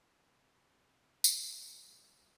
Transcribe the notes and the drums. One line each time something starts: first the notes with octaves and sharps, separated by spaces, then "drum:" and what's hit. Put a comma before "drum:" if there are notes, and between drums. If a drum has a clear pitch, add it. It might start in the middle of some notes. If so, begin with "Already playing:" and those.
A2 C3
drum: tambourine
F#3 G3